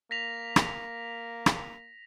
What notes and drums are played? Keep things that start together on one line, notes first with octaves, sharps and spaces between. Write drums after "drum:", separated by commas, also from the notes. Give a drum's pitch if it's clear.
A#3 A#6 B6 F7
drum: rim click
drum: rim click